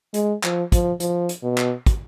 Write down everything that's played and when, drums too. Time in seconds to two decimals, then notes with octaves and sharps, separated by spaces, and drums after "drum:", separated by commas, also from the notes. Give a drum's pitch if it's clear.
0.14 G#3, drum: hi-hat
0.43 F3, drum: clap
0.72 F3, drum: kick, hi-hat
1.00 F3, drum: hi-hat
1.29 drum: hi-hat
1.43 B2
1.58 drum: clap
1.86 drum: kick, hi-hat